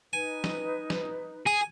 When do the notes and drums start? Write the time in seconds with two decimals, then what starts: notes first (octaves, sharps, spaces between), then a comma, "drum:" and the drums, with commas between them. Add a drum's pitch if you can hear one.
0.13 D#4 B4 G#5
0.44 drum: snare
0.90 drum: snare
1.47 G#4 G#5